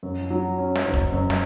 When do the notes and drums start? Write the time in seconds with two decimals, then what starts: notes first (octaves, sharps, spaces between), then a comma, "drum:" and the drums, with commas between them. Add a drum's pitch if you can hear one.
0.03 F#2
0.30 F#3
0.58 C#4
0.75 drum: snare
0.85 F#1
0.94 drum: kick
1.12 F#2
1.30 drum: snare